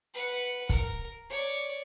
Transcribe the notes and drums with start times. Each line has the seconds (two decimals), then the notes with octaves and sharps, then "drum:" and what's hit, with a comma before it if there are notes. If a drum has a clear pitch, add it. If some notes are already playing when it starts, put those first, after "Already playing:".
0.14 B4 F#5
0.69 A#4, drum: kick
1.30 C#5 D5